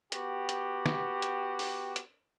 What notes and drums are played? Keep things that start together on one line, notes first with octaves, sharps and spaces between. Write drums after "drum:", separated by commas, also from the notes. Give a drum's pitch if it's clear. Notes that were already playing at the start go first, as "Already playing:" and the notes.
B3 F#4 G4, drum: hi-hat
drum: hi-hat
drum: snare
drum: hi-hat
drum: open hi-hat
drum: hi-hat